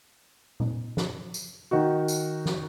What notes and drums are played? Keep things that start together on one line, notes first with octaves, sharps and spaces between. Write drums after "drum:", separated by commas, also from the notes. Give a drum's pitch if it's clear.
drum: tom A#2
drum: snare
drum: tambourine
D#3 D#4 F#4
drum: tambourine
drum: snare